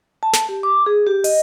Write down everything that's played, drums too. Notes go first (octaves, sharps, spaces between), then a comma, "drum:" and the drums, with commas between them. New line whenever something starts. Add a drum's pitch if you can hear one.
A5
drum: snare
G4
D6
G#4
G4
D#5, drum: open hi-hat